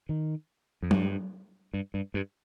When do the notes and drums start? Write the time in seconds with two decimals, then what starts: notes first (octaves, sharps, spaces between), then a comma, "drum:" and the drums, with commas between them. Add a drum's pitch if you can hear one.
0.09 D#3
0.82 F2
0.91 G2, drum: tom F#3
1.74 G2
1.94 G2
2.14 G2